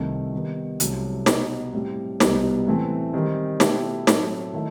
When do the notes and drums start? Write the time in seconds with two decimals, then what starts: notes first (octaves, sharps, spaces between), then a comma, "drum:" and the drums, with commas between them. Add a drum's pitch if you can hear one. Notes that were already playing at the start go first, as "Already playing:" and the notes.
Already playing: C2 C3 D#3 A3 C4
0.33 D#3 G3 B3
0.80 C2 C3 F#3 A3, drum: hi-hat
1.26 B2 G3 D#4 F#4, drum: snare
1.73 A2 G3 C4
2.20 C2 B2 G3 B3 D#4, drum: snare
2.67 A2 E3 A3 C4
3.14 D#3 G3 C4
3.60 B2 A3 E4 G4, drum: snare
4.07 A2 F#3 A3 C4, drum: snare
4.53 D#3 A3 E4